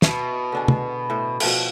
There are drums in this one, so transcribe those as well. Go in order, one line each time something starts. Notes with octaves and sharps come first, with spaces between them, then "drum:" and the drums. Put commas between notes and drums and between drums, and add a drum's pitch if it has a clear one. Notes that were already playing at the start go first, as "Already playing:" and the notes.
B2 E4, drum: snare
D3 D4 G#4
drum: tom
A2 C5
B2 F3 A3, drum: cymbal